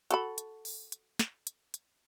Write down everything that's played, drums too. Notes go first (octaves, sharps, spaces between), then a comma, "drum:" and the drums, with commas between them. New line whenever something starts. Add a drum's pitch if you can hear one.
F#4 A4 B5, drum: hi-hat
drum: hi-hat
drum: open hi-hat
drum: hi-hat
drum: snare
drum: hi-hat
drum: hi-hat